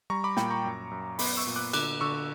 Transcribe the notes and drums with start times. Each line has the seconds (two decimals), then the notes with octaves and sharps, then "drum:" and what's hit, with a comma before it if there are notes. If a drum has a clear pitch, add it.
0.10 G3 A#5 C#6
0.24 B5 D6
0.37 A#2 G5 B5, drum: snare
0.50 A#5 C#6
0.65 F#2
0.91 F#2
1.19 B3 B5 D6, drum: open hi-hat
1.37 C#6 E6
1.47 A#2
1.56 D6 F#6
1.73 D3 D6 F#6, drum: cymbal
2.01 D3 C#6 E6